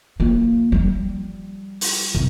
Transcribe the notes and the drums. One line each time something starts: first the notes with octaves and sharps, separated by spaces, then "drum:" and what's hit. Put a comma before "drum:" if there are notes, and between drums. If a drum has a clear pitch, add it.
A#3 F4
F3 G3
drum: open hi-hat
C3